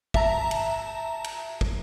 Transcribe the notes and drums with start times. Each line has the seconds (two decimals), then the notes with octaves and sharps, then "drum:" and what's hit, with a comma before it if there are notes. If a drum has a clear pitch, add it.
0.14 E5 A5 A#5, drum: kick
0.51 drum: cymbal
1.24 drum: cymbal
1.61 drum: kick